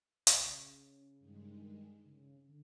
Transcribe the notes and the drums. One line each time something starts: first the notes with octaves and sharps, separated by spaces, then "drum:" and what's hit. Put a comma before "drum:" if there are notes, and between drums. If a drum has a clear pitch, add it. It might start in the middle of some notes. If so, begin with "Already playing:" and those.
C3, drum: hi-hat
C#3
G2 D#3 G#3
C#3
D3